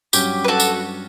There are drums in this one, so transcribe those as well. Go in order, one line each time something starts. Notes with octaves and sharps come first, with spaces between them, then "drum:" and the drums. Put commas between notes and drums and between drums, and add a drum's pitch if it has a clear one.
G2 F#3 C#4 G4, drum: tambourine
B4
F#4 A4
drum: tambourine